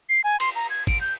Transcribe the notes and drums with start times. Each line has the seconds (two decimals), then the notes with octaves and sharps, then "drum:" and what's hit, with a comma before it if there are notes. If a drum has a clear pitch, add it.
0.09 C7
0.24 G#5
0.40 C6, drum: cymbal
0.56 A#5
0.70 G#6
0.87 D7, drum: kick, cymbal
1.01 G6